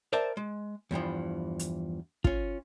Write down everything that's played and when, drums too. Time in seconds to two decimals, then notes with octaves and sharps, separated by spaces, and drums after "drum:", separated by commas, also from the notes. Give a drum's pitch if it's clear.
0.13 A#4 C5 D5 E5 G5 A5
0.37 G#3
0.91 E2 G2 E3 F3
1.59 drum: hi-hat
2.24 C#4 F4, drum: kick